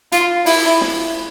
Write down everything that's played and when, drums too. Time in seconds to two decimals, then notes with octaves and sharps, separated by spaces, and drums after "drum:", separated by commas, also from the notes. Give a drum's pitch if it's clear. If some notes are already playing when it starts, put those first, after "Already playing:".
0.12 F4, drum: hi-hat
0.46 E4, drum: open hi-hat
0.81 drum: snare